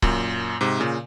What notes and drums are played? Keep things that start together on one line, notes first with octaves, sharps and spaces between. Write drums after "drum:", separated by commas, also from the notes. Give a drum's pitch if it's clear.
F#2 A#2, drum: kick C#1
G#2 C3
A#2 C#3